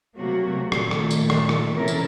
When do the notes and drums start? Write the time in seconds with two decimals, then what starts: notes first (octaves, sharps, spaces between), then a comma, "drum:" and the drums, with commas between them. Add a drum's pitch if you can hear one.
0.16 C3 F#3 A3 A#3 F#4
0.72 A#2 D#3 A3, drum: rim click
0.91 drum: rim click
1.11 drum: tambourine
1.30 drum: rim click
1.49 drum: rim click
1.74 C3 E3 C#4 E4 A4 A#4
1.88 drum: tambourine